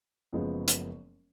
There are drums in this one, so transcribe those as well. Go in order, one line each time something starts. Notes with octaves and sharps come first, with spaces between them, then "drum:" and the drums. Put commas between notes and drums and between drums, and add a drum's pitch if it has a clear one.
F#1 F#2 F3 G#3 B3
drum: hi-hat